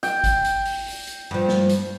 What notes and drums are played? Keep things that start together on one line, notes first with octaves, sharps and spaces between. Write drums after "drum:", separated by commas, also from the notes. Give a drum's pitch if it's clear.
G5, drum: hi-hat
drum: kick G#1, hi-hat
drum: hi-hat
drum: open hi-hat
drum: open hi-hat
drum: hi-hat
G2 F3
drum: snare
drum: hi-hat